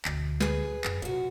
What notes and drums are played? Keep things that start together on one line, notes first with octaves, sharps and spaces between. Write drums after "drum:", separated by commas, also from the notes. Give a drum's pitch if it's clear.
D2 B2, drum: clap
G#4 B4, drum: snare
F#2, drum: clap
F#2 C3 F4 F#4